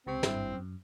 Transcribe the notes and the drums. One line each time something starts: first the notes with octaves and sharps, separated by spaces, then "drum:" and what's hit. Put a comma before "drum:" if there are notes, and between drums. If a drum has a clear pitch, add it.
C#2 C3 C4 C#6
G#1 G2 E4, drum: snare
F#2